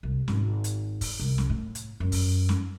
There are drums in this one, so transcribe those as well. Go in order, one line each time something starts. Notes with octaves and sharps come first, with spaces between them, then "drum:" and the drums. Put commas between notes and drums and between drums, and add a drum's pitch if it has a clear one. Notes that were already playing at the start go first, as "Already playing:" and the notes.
C2
G#1, drum: snare
drum: hi-hat
drum: kick, open hi-hat
C2
drum: snare
A2
drum: hi-hat
F#2
drum: kick, open hi-hat
drum: snare